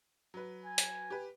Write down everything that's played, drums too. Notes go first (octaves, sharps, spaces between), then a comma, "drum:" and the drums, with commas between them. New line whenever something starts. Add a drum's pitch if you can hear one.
F#3 B4
G#5
drum: hi-hat
G4 B4